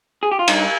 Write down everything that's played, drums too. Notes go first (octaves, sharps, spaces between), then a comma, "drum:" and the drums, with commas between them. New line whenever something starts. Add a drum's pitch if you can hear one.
G#4
G4
F4
G2 D#4, drum: cymbal